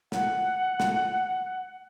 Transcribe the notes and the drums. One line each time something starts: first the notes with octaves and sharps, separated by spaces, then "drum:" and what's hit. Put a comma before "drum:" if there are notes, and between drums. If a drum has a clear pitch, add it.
F#5, drum: snare
drum: snare